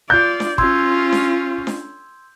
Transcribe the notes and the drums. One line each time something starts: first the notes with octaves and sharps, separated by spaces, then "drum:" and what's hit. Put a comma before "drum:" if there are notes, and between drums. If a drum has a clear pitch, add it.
F4 D5 G6
drum: snare D4
C#4 F4 C6 E6 G#6, drum: kick
drum: snare D4
drum: snare D4